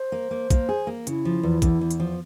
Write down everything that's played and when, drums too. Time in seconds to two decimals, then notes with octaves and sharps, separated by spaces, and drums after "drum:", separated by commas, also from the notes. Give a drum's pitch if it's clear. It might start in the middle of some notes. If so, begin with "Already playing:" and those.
Already playing: C5
0.12 A#3
0.31 A#3
0.50 A#3, drum: kick, hi-hat
0.69 G#4
0.87 A#3
1.07 C#3 E4, drum: hi-hat
1.25 F3
1.43 E2
1.62 E2, drum: kick, hi-hat
1.81 E2
1.91 drum: hi-hat
2.00 F3